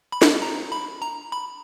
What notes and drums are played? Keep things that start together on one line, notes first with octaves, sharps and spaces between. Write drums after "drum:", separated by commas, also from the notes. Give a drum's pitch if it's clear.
B5
drum: snare D4
A#5
B5
A#5
B5